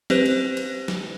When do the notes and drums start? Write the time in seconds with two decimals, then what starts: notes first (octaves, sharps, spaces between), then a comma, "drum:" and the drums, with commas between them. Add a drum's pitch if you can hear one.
0.10 C4 G4 B4 C5 F#6, drum: snare
0.26 drum: cymbal
0.57 drum: cymbal
0.88 drum: snare